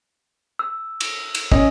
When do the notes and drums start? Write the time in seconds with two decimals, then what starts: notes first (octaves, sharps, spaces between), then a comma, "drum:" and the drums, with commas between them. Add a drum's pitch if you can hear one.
0.59 E6
1.01 drum: cymbal
1.35 drum: cymbal
1.52 C#4 D#5, drum: kick